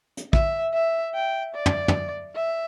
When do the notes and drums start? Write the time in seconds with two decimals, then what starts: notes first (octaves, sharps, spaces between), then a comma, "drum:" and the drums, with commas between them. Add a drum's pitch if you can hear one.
0.17 drum: hi-hat
0.33 E5, drum: kick
0.74 E5
1.14 G5
1.55 D5
1.66 drum: tom
1.88 drum: tom
2.36 E5